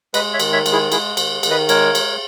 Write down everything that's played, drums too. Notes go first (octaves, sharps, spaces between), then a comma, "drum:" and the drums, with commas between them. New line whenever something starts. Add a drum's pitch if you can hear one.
G#3 B4 D#5, drum: cymbal
C#5 E5
D#3, drum: cymbal
C#5 E5
G#3, drum: cymbal
E4 G#4
G#3 E4 G#4, drum: cymbal
D#3, drum: cymbal
D#3, drum: cymbal
B4 D#5
G#3 A#4 C#5, drum: cymbal
G#3, drum: cymbal